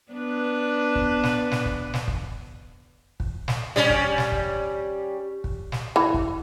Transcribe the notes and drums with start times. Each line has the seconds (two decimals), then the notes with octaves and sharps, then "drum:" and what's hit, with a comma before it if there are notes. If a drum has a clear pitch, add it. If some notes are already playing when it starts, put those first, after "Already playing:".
0.11 B3 D4 B4
0.95 drum: kick
1.23 drum: snare
1.51 drum: snare
1.65 drum: kick
1.94 drum: snare
2.08 drum: kick
3.20 drum: kick
3.48 drum: snare
3.76 G3 C#4, drum: snare
3.90 drum: kick
4.18 drum: snare
4.32 drum: kick
5.44 drum: kick
5.72 drum: snare
5.96 E3
6.14 drum: kick